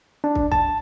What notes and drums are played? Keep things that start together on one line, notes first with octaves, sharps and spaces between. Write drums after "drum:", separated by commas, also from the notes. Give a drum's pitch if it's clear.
D4
drum: kick
A5, drum: kick